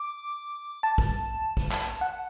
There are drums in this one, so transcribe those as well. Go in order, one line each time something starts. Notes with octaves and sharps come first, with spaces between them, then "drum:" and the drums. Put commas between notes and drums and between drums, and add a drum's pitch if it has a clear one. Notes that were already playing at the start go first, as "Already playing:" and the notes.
Already playing: D6
A5
drum: kick
drum: kick
drum: clap
F#5